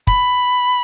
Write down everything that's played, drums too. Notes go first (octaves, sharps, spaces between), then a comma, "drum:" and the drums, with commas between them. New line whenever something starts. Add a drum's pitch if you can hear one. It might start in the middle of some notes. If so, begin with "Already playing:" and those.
B5, drum: kick